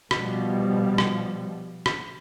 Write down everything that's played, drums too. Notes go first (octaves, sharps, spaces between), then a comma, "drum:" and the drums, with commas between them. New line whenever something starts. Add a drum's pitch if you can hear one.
B2 F3 G3, drum: rim click
drum: rim click
drum: rim click